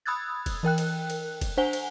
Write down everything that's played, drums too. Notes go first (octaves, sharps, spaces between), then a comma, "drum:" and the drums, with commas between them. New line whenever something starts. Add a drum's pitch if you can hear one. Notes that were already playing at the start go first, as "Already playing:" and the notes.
B5 D#6 E6 F#6 G#6 A6
drum: kick F1, cymbal
E3 A#4 G5 F#6
drum: cymbal
drum: cymbal
drum: kick F1, cymbal
D4 C5 F#5 G#5 G7
drum: cymbal